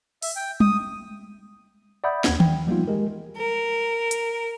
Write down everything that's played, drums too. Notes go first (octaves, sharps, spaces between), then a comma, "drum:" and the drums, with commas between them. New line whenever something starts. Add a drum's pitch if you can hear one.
E5, drum: open hi-hat
G5
D#6, drum: tom G3
D5 E5 F#5 B5 D#6 G6
D#2 A#3 F#5 G#6, drum: snare
G5, drum: tom D#3
F3 G3 A#3 B3 D#4 F4
G#3 G4 A#4
A#4
drum: hi-hat